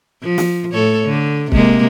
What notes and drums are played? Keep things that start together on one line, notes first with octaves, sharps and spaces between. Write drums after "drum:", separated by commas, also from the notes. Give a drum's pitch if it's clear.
F3
drum: snare
A2 A4 C#5
D3
C3 G#3 A#3, drum: kick